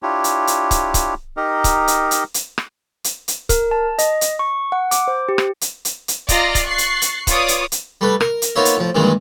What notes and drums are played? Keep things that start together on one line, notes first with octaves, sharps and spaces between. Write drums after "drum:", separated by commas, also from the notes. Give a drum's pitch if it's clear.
D4 E4 F4 G4 C#5
drum: hi-hat
drum: hi-hat
drum: kick C#1, hi-hat
drum: kick C#1, hi-hat
D#4 G4 A#4 D#5
drum: kick C#1, hi-hat
drum: hi-hat
drum: hi-hat
drum: hi-hat
drum: rim click
drum: hi-hat
drum: hi-hat
A#4, drum: kick C#1, hi-hat
A5
D#5, drum: hi-hat
drum: hi-hat
C#6
F#5
D6, drum: hi-hat
C5
G4
drum: rim click
drum: hi-hat
drum: hi-hat
drum: hi-hat
F4 D5 D#5 A#5 A#6, drum: kick C#1, hi-hat
drum: kick C#1, hi-hat
C#6 F#6 A6 C7
drum: hi-hat
drum: hi-hat
F4 B4 C#5 D5 D6 D#6, drum: kick C#1, hi-hat
drum: hi-hat
drum: hi-hat
G3 A3 B4
A#4, drum: rim click
drum: hi-hat
A#3 B3 D#4 F4 C#5 E5
drum: hi-hat
A2 F3
G2 A#2 D#3 E3 G#3